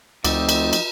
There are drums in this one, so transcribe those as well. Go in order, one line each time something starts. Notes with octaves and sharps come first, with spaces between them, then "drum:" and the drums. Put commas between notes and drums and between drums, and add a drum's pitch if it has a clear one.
D2 F3 A3 C4 D#4 F#4 D5 D#5, drum: cymbal
drum: cymbal
drum: cymbal